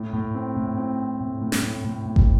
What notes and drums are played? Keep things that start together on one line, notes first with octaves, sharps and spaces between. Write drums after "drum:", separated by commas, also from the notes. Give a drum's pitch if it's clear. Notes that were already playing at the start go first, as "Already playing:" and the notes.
Already playing: A2
A2
C4
A2
C4
C4
A2
A2
drum: snare
A2
A2
A2
drum: kick G#1